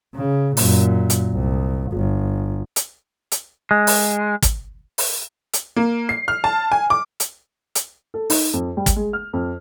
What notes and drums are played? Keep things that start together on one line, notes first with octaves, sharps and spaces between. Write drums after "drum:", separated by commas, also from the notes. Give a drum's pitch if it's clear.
C#3
F#2 A#2, drum: open hi-hat
drum: hi-hat
C2
G1
drum: hi-hat
drum: hi-hat
G#3
drum: open hi-hat
drum: kick, hi-hat
drum: open hi-hat
drum: hi-hat
A#3
C7
F6
A5
G#5
D6
drum: hi-hat
drum: hi-hat
A4
D#4, drum: open hi-hat
F2
G3
drum: kick, hi-hat
G#3
F6
F2